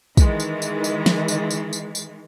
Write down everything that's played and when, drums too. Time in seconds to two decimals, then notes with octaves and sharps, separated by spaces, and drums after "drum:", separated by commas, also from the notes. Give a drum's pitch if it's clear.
0.17 D#3 E3 G#3, drum: kick, tambourine
0.40 drum: tambourine
0.62 drum: tambourine
0.84 drum: tambourine
1.06 drum: snare
1.28 drum: tambourine
1.51 drum: tambourine
1.73 drum: tambourine
1.95 drum: tambourine